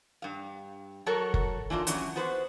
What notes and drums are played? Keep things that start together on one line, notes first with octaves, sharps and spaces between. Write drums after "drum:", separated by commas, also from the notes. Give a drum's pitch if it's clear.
G2 F5
F#3 F#4 A4 A#4 C#5
drum: kick F#1
E3 A#3 D4 F4
D3 E3 F#3 C#4, drum: hi-hat
B3 F#4 B4 C5